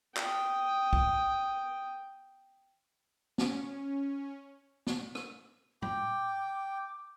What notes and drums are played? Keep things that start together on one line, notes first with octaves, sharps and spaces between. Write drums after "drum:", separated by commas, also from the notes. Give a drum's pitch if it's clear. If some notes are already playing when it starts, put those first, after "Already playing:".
G5 D#6, drum: clap
drum: kick
C#4, drum: snare
drum: snare
drum: rim click
G5 D6, drum: tom